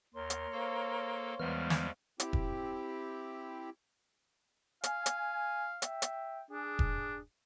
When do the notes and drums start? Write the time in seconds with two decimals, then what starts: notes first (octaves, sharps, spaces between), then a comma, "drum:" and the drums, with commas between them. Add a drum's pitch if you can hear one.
0.14 D#2 A#4 C#5 C6
0.30 drum: hi-hat
0.52 A#3 A4 C5 F5 C#6
1.40 E2 E3 G3 G#3 B3 F6
1.70 drum: snare
2.20 C4 E4 G4, drum: hi-hat
2.33 drum: kick E1
4.83 F5 G#5, drum: hi-hat
5.06 drum: hi-hat
5.82 E5 G5, drum: hi-hat
6.02 drum: hi-hat
6.51 D4 G#4
6.79 drum: kick E1